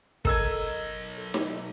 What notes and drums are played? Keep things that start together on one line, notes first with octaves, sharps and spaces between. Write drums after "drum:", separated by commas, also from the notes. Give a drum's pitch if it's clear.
B1 A4 A#4 D#5 E6 G#6, drum: kick
drum: snare D#4